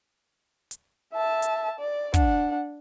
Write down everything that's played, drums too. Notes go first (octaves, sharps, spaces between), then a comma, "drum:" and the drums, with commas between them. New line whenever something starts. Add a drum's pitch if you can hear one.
drum: hi-hat
E5 A5
drum: hi-hat
D5
D4 F#5, drum: kick, hi-hat